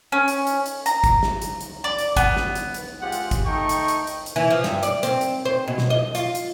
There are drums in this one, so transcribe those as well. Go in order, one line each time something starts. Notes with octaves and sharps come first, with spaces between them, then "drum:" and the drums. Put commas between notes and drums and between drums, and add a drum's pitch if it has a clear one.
C#4
drum: hi-hat
drum: hi-hat
drum: hi-hat
A#5, drum: hi-hat
drum: kick, hi-hat
drum: snare
drum: hi-hat
drum: hi-hat
D5
drum: hi-hat
B3, drum: kick, hi-hat
drum: snare
drum: hi-hat
drum: hi-hat
G#3 F4 G4 F#5
drum: hi-hat
drum: kick, hi-hat
A3 D#4 G5 C#6
drum: hi-hat
drum: hi-hat
drum: hi-hat
drum: hi-hat
E3
F3
G2, drum: snare
D5, drum: hi-hat
C4, drum: hi-hat
drum: hi-hat
C5
B2
drum: snare
D#5
F4, drum: hi-hat
drum: hi-hat